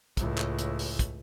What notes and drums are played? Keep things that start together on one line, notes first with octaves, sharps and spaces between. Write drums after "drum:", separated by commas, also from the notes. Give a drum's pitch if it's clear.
C#2 A2, drum: kick, hi-hat
drum: clap
drum: hi-hat
drum: open hi-hat
drum: kick, hi-hat